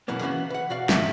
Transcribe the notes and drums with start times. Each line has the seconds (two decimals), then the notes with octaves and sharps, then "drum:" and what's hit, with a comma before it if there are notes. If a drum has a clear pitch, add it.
0.08 F#2 B2 E3 A#3 B3
0.21 E3 A#3 B3 C#4 D#4 F#4
0.50 B4 F#5
0.70 B2 F#4 D5 F5
0.89 G#2 E5, drum: snare